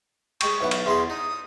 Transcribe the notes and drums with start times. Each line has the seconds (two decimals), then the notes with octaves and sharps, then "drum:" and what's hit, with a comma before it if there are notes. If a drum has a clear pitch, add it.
0.41 G#3 G5 C#6, drum: cymbal
0.61 B1 E3 F#5
0.71 drum: cymbal
0.86 E2 E4 G#4 C6
1.10 D#4 D#6